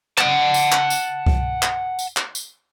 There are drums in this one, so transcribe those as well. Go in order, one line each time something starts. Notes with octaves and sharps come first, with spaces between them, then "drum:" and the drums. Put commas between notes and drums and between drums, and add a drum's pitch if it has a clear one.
F#5 A5, drum: clap
drum: tambourine
drum: clap
drum: tambourine
drum: kick C2
drum: clap
drum: tambourine
drum: clap
drum: tambourine